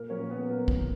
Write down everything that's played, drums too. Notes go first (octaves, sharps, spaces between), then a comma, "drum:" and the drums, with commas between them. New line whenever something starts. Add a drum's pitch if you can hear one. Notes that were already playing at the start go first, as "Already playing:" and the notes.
Already playing: A#2 A#3 A#4
F3 C#4 C#5
A#2 B3 B4
F3 A#3 A#4
G#2, drum: kick